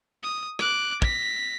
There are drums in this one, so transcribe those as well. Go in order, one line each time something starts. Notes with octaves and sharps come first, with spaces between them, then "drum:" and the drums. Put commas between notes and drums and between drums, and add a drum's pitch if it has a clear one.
D#6
D6 F#6, drum: rim click
A#6 B6, drum: kick